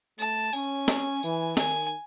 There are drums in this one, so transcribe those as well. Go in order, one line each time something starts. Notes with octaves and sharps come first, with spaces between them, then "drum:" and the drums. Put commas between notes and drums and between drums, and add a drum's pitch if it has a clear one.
A3 A5, drum: tambourine
C#4 G#5, drum: tambourine
drum: snare
E3, drum: tambourine
D#3 G#5, drum: snare